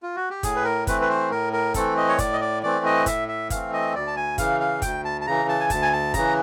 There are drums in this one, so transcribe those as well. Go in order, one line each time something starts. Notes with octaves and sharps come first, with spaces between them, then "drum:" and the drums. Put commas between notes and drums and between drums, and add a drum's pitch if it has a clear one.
F4
F#4
G4
A2 G#4, drum: kick F#1, hi-hat
B4
A#4
E3 A3 C4 B4, drum: kick F#1, hi-hat
B4
C5
A2 A#4
A#4
E3 A3 C4 A4, drum: kick F#1, hi-hat
D#5
C#5
A2 D5, drum: kick F#1, hi-hat
D#5
D5
E3 A3 C4 D5
D#5
A2 E5, drum: kick F#1, hi-hat
E5
E3 A3 C4 F5, drum: kick F#1, hi-hat
D#5
D2 D5
A5
G#5
C#3 E3 F5, drum: kick F#1, hi-hat
F5
D2 G5, drum: kick F#1, hi-hat
A5
A5
C#3 E3 A#5
A5
G#5
D2 A5, drum: kick F#1, hi-hat
G#5
A5
C#3 E3 A#5, drum: kick F#1, hi-hat